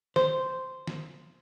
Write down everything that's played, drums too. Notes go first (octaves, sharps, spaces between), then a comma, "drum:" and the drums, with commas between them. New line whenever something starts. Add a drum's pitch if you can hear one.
C5, drum: snare
drum: snare